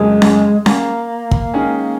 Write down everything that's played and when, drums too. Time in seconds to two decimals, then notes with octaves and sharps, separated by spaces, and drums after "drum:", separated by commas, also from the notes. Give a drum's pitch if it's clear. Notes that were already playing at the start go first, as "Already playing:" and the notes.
Already playing: F2 C#3 F#3 G#3 A#3
0.22 drum: snare C#4
0.66 A#3, drum: snare C#4
1.31 drum: kick
1.54 D#3 G#3 C#4 G#4